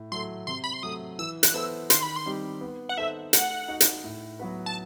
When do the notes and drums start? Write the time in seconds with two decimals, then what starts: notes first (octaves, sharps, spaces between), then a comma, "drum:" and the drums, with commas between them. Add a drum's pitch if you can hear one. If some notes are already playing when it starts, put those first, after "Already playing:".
Already playing: A2
0.12 F#3 A3 C6
0.47 C3 C6
0.64 B5
0.73 C6
0.83 F#3 A3 D#6
1.19 E3 E6
1.43 F#6, drum: hi-hat
1.54 B3 E4 A4 C5 E6
1.90 D#3 C6, drum: hi-hat
2.03 B5
2.16 C6
2.26 G3 C4 D#4 G4
2.61 B3
2.89 F#5
2.97 D#4 A4 C5 E5
3.33 A3 F#5, drum: hi-hat
3.68 D#4 F#4
3.80 drum: hi-hat
4.04 A2
4.39 F#3 B3 F#4 B4
4.66 A5